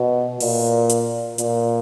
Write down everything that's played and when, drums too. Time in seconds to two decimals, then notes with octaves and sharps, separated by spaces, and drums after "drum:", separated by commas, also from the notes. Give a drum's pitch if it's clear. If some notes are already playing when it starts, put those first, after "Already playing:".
Already playing: B2
0.40 A#2, drum: open hi-hat
0.89 drum: hi-hat
1.38 A#2, drum: hi-hat